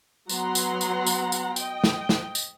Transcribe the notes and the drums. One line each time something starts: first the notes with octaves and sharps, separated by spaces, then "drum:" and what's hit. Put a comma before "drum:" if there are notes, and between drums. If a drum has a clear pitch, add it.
F#3 B3 F#5 A#5 C6, drum: tambourine
drum: tambourine
drum: tambourine
drum: tambourine
drum: tambourine
D#5 G5, drum: tambourine
drum: snare
drum: snare
drum: tambourine